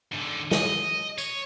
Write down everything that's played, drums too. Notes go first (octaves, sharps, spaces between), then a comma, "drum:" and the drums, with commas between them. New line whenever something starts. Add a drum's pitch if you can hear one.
G#2 D3
D#5, drum: snare
C#5, drum: tambourine